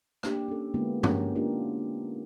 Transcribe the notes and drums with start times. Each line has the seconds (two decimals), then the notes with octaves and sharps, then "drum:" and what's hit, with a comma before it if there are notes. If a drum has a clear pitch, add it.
0.23 A#3 D4 G4, drum: rim click
0.48 C#4 A4
0.74 D3 G#3 A#3 B3 E4 F#4
1.03 C#4 F#4 G4 A#4, drum: tom G2
1.35 A#3 D4 D#4 F4 G4 A#4